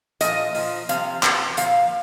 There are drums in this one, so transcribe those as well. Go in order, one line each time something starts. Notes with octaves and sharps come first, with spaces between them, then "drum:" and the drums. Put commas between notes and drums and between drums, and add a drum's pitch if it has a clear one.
A#2 F3 D#5, drum: hi-hat
A#2 F3, drum: open hi-hat
C3 F3 F5, drum: hi-hat
C3 F3, drum: clap
A#2 F3 F5, drum: hi-hat